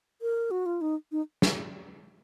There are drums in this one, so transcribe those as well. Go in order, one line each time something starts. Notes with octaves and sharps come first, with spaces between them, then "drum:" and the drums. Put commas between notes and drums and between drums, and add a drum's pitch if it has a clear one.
A#4
F#4
F4
D#4
D#4
drum: snare